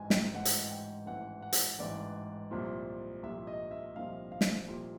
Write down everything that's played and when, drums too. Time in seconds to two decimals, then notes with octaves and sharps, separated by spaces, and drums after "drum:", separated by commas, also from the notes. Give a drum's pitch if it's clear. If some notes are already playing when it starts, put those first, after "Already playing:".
Already playing: A1 G#2 E3 G#5
0.10 G5, drum: snare
0.34 A1 G#2 E3 F#5
0.45 drum: hi-hat
0.71 G5
1.06 A1 G#2 E3 F#5
1.42 F#5
1.53 drum: hi-hat
1.79 A1 G#2 E3 D5
2.51 C2 A#2 F3
3.23 C2 A#2 F3 E5
3.47 D#5
3.71 E5
3.96 C2 A#2 F3 F5
4.32 F5
4.41 drum: snare
4.68 C2 A#2 F3